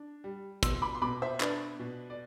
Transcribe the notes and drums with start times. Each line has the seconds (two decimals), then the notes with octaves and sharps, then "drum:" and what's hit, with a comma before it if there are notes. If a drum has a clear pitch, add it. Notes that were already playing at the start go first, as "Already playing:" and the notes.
Already playing: D4
0.24 G3
0.63 B2 C6 E6, drum: kick, hi-hat
0.82 B5 D6
0.95 C6
1.02 B2 B5 D6
1.22 C5 E5
1.40 D4 B4 D5, drum: clap
1.79 B2
2.10 D5